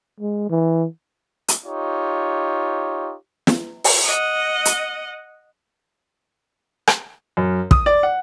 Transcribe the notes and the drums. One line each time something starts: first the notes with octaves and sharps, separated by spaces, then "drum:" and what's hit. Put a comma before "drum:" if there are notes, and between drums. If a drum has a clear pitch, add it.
G#3
E3
drum: hi-hat
D#4 F4 G4 C#5
drum: snare
drum: open hi-hat
D#5 F#5
drum: hi-hat
drum: rim click
F#2
D#6, drum: kick
D5
F#5